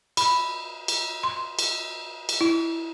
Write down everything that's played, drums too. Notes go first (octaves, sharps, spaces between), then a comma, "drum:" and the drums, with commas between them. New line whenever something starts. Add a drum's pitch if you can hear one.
B5, drum: cymbal
drum: cymbal
C6
drum: cymbal
drum: cymbal
E4